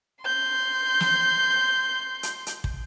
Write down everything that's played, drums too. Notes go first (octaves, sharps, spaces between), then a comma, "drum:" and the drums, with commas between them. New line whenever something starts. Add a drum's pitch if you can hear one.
C6 G6
drum: snare
drum: hi-hat
drum: hi-hat
drum: kick